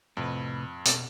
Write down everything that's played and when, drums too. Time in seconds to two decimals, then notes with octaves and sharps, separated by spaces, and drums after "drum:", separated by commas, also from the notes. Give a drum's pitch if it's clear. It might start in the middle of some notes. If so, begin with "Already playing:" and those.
0.17 F2 A2 C3 B4
0.85 B2, drum: hi-hat